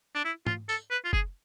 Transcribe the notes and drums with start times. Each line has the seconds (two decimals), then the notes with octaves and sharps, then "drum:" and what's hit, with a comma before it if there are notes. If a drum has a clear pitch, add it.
0.15 D4
0.25 E4
0.47 F4, drum: tom G#2
0.69 A4, drum: tambourine
0.91 B4
1.05 F4
1.13 G#4, drum: kick F#1